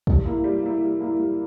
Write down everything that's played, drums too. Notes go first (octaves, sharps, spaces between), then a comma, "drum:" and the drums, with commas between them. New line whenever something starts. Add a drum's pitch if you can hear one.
G3, drum: kick
A#3 E4
G3
A#3 E4
G3
A#3 E4
G3